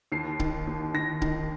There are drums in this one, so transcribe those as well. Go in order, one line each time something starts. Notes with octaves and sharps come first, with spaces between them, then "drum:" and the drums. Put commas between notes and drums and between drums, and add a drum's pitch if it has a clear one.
D#2 C7
D#3, drum: kick
D#2
D#3 A#6
D#3, drum: kick